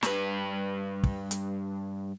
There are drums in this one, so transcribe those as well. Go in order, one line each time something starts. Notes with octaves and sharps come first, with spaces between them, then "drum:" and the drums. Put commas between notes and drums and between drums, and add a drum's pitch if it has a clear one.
G2 B4, drum: snare
drum: kick
drum: hi-hat